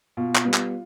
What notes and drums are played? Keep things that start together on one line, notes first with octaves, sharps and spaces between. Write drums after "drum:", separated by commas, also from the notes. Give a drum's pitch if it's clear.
B2 F4
drum: clap
G3 B3
drum: clap